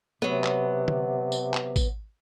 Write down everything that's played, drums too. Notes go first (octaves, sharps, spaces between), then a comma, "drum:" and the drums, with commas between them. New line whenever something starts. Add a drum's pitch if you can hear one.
C3 F#3 B3
drum: clap
drum: tom
drum: tambourine
drum: clap
drum: kick, tambourine